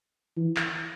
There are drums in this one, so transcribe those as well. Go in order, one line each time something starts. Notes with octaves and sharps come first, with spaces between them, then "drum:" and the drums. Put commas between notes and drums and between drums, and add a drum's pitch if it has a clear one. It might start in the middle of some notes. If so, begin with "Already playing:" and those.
E3
drum: clap